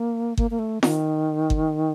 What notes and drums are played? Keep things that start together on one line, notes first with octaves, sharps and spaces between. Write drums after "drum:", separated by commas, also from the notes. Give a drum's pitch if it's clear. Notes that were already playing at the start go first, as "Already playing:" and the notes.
Already playing: A#3
A#3, drum: kick G1
A#3
A3
D#3, drum: snare
drum: kick G1